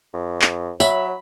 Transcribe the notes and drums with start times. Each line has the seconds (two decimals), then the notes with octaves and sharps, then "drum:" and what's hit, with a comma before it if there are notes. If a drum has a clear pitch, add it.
0.14 F2
0.42 drum: clap
0.80 F#3 C#5 E5 B5, drum: tambourine